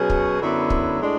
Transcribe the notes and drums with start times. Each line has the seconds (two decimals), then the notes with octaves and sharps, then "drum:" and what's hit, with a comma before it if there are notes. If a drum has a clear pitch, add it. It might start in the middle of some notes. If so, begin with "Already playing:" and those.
Already playing: B2 F#3 C#4 G#4
0.10 drum: kick
0.39 F#2 D3 F#3 B3 E4
0.70 drum: kick
1.00 A2 G#3 D4